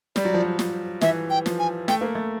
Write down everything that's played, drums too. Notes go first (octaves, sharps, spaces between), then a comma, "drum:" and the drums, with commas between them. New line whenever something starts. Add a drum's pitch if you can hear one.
G3 D5, drum: snare
F#3
F3
F#3
F3, drum: snare
E3 E5, drum: snare
G5
F3, drum: snare
G#5
A3 G5, drum: snare
A#3
A3